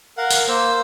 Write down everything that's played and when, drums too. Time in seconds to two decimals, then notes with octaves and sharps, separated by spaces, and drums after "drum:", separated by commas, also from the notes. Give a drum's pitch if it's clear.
0.17 A#4 F5 F#5
0.30 drum: tambourine
0.49 A#3 C5 E6